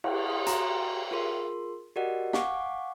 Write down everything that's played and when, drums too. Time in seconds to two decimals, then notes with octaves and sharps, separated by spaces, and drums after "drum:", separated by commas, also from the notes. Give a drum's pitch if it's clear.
0.04 E4, drum: cymbal
0.27 C6 D#6
0.46 F#4 G#5 A#5 C6, drum: hi-hat
1.11 F4 G#4 A#4 C6
1.96 F#4 G4 A#4 D5 D#5 F#5
2.33 F5 F#5 G#5 C#6 D6, drum: snare